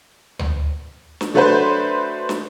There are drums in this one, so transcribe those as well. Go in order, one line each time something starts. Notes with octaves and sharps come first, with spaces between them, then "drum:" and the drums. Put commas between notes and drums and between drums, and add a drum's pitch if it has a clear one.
drum: tom D2
drum: snare
F#3 A3 D4 F#4 B4 C5
drum: snare